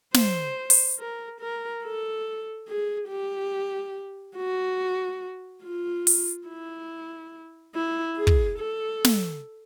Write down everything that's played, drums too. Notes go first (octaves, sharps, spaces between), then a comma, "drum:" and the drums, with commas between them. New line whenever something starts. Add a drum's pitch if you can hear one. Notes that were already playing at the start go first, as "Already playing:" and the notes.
C5, drum: snare
drum: open hi-hat
A#4
A#4
A4
G#4
G4
F#4
F4
drum: open hi-hat
E4
E4
G#4
drum: kick
A4
drum: snare